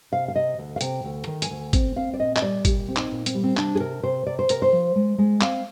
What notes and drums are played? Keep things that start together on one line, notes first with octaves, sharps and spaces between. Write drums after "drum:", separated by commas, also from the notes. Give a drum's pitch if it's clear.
C3 F5
F5
C3 D#5
D2
F5
C3 G5, drum: hi-hat
D2
D#3
G#5, drum: hi-hat
D2
C4, drum: kick, hi-hat
C4 F5
D5
A#2 D#5
D#5, drum: clap
G3 D5
A#2 G4, drum: kick, hi-hat
C4
D#4, drum: clap
A#2
C4, drum: hi-hat
G3
C4
C3 D4, drum: clap
G#4
C3 A#4
C3 C5
C3 D5
C5
C3 A#4, drum: hi-hat
C5
F3
G#3
G#3
C4 F5, drum: clap